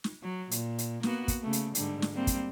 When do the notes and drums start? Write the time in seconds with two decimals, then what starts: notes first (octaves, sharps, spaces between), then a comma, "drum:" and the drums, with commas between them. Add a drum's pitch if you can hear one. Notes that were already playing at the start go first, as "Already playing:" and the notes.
0.04 drum: snare
0.23 F#3
0.51 A#2, drum: hi-hat
0.78 drum: hi-hat
1.03 A#3 B3 F#4, drum: snare
1.28 drum: kick, hi-hat
1.42 C#3 A3
1.53 drum: hi-hat
1.75 G#2 D3 G3, drum: hi-hat
2.02 drum: snare
2.12 G3 A#3 C4
2.27 drum: kick, hi-hat